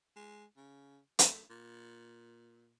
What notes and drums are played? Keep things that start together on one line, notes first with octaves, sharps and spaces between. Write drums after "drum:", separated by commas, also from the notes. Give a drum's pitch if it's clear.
G#3
C#3
A3, drum: hi-hat
A#2